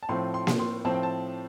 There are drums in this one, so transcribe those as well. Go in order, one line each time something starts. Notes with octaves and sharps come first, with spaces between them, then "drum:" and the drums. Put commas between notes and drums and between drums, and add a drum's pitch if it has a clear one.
A5
A2 F3 C4 C6
C6
drum: snare A#3
C6
A2 F3 C4 A5
G5
A5